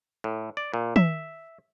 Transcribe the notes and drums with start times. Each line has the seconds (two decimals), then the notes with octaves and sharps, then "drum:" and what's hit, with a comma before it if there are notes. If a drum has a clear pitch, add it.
0.24 A2
0.57 D5
0.74 A#2
0.96 E5, drum: tom